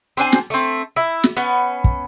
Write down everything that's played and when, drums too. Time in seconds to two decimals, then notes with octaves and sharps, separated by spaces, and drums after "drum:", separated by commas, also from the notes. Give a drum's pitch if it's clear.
0.17 C4 D4 C5 G#5
0.32 drum: snare
0.50 A3 C4
0.96 E4
1.24 drum: snare
1.37 B3 C#4
1.84 drum: kick